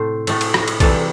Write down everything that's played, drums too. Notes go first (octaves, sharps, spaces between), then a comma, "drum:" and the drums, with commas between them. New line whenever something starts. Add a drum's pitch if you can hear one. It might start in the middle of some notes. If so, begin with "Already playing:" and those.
Already playing: A2 C3 A3 C5
A2 A3, drum: cymbal
drum: cymbal
drum: rim click
drum: cymbal
C3 E3 G3 A4, drum: kick A#1, cymbal